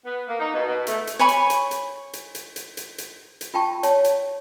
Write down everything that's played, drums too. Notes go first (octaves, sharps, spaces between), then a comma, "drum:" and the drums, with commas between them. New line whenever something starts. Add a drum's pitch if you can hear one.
B3
A#3
D#4
B2
B2
A3, drum: hi-hat
drum: hi-hat
C#5 G#5 B5 C#6
drum: hi-hat
drum: hi-hat
drum: hi-hat
drum: hi-hat
drum: hi-hat
drum: hi-hat
drum: hi-hat
drum: hi-hat
drum: hi-hat
F4 G5 A5 C#6
C#5 A5, drum: hi-hat
drum: hi-hat